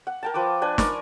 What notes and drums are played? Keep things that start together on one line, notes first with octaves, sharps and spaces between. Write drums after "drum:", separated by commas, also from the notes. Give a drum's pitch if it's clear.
F#5
A#4 G5 A5
F3 B4 A5 D6
D4 B4 G#5
A#4 D5 C#6, drum: snare